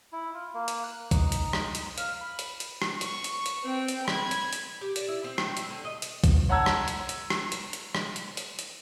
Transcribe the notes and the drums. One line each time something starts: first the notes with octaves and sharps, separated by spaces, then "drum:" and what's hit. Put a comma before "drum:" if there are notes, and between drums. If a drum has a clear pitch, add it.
E4
F4
A#3
drum: hi-hat
F#6
D#4, drum: kick B1, hi-hat
drum: hi-hat
drum: rim click
drum: hi-hat
F5, drum: hi-hat
B5
drum: hi-hat
drum: hi-hat
drum: rim click
C#6, drum: hi-hat
drum: hi-hat
drum: hi-hat
C4 G5
drum: hi-hat
B5 G#6, drum: rim click
drum: hi-hat
drum: hi-hat
G4
D5, drum: hi-hat
E4
C4
G5, drum: rim click
E5, drum: hi-hat
D3
D#5
drum: hi-hat
drum: kick B1, hi-hat
C#5 F#5 A5 A#5 E6 G#6
drum: rim click
drum: hi-hat
drum: hi-hat
drum: rim click
drum: hi-hat
drum: hi-hat
drum: rim click
drum: hi-hat
drum: hi-hat
drum: hi-hat